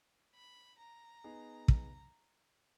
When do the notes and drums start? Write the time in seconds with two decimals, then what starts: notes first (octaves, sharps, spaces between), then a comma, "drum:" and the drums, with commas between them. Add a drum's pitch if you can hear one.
0.35 B5
0.79 A#5
1.24 B3 D#4 G#4 D#5
1.68 drum: kick